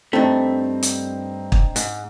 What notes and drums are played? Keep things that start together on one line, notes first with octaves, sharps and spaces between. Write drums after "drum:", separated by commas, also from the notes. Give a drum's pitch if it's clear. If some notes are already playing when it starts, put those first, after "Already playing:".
G2 A3 C4 D4 D#4
drum: hi-hat
drum: kick
G#2, drum: hi-hat